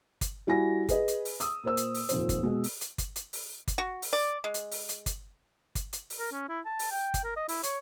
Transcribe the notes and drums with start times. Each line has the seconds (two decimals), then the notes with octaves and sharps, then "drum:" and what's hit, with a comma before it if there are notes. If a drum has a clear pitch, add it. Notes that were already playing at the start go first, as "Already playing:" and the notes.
0.21 drum: kick G1, hi-hat
0.47 G3 E4 F#4 G#5 A#6
0.89 G#4 B4 D#5, drum: kick G1, hi-hat
1.08 drum: hi-hat
1.25 drum: open hi-hat
1.40 D#6 E6, drum: hi-hat
1.64 A#2 A#3 C5 E6
1.77 drum: hi-hat
1.94 drum: open hi-hat
2.09 D#1 F2 C5, drum: hi-hat
2.29 drum: kick G1, hi-hat
2.43 B2 G#3
2.64 drum: open hi-hat
2.81 drum: hi-hat
2.98 drum: kick G1, hi-hat
3.16 drum: hi-hat
3.33 drum: open hi-hat
3.68 drum: kick G1, hi-hat
3.78 F#4
4.02 drum: open hi-hat
4.13 D5
4.44 G#3
4.54 drum: hi-hat
4.71 drum: open hi-hat
4.89 drum: hi-hat
5.06 drum: kick G1, hi-hat
5.75 drum: kick G1, hi-hat
5.93 drum: hi-hat
6.10 drum: open hi-hat
6.19 A#4
6.32 C#4
6.49 E4
6.65 A5
6.79 drum: open hi-hat
6.91 G5
7.14 drum: kick G1, hi-hat
7.24 A#4
7.36 D#5
7.48 E4, drum: open hi-hat
7.63 C#5, drum: hi-hat